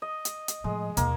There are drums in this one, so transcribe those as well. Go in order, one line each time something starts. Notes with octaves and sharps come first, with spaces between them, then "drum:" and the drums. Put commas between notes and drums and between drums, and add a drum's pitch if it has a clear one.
D#5
drum: hi-hat
drum: hi-hat
A2 F3 G#3
D#2 B2 A#3, drum: hi-hat